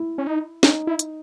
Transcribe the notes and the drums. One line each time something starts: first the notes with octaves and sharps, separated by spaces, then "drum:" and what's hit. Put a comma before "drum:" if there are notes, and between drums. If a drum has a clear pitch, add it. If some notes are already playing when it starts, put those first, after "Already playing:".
Already playing: E4
C#4
D#4
C#4 D#4, drum: snare
E4
drum: hi-hat